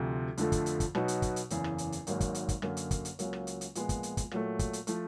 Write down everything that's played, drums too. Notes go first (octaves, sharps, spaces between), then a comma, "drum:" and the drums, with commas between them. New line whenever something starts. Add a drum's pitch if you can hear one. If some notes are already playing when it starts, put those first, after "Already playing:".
Already playing: D2 C3 F3
F2 D3 F3 A3, drum: hi-hat
drum: kick, hi-hat
drum: hi-hat
drum: kick, hi-hat
B2 F#3 B3 D#4 F#4, drum: rim click
drum: hi-hat
drum: kick, hi-hat
drum: hi-hat
F#1 E2 C#3, drum: hi-hat
drum: rim click
drum: hi-hat
drum: hi-hat
G#1 G#2 D#3 F#3 A#3, drum: hi-hat
drum: kick, hi-hat
drum: hi-hat
drum: kick, hi-hat
F#2 D3 F#3 A#3, drum: rim click
drum: hi-hat
drum: kick, hi-hat
drum: hi-hat
C#2 C#3 F#3 A#3, drum: hi-hat
drum: rim click
drum: hi-hat
drum: hi-hat
A#2 F3 G#3 B3, drum: hi-hat
drum: kick, hi-hat
drum: hi-hat
drum: kick, hi-hat
A#2 F#3 A3, drum: rim click
drum: kick, hi-hat
drum: hi-hat
F3 A3, drum: hi-hat